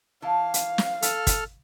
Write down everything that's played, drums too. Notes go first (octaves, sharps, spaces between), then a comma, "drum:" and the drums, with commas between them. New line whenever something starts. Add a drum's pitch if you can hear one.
E3 F5 A5
drum: hi-hat
drum: snare
A4 F6, drum: hi-hat
drum: kick, hi-hat